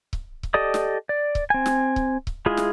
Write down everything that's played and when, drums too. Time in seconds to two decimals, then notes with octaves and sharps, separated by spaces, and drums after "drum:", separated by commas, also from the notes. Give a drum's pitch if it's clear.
0.13 drum: kick C#1
0.43 drum: kick C#1
0.54 G4 A4 D5 D#5 D#6
0.74 drum: snare
1.09 D5
1.35 drum: kick C#1
1.50 C4 G#5
1.66 drum: snare
1.96 drum: kick C#1
2.27 drum: kick C#1
2.46 G#3 E4 F4 G#4
2.57 drum: snare